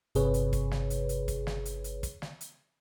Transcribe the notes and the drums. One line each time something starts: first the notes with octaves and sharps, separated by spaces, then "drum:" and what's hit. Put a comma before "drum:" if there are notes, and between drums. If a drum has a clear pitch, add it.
G1 C3 G#4 B4 C#5, drum: hi-hat
drum: hi-hat
drum: kick, hi-hat
drum: snare
drum: hi-hat
drum: hi-hat
drum: kick, hi-hat
drum: snare
drum: hi-hat
drum: hi-hat
drum: kick, hi-hat
drum: snare
drum: hi-hat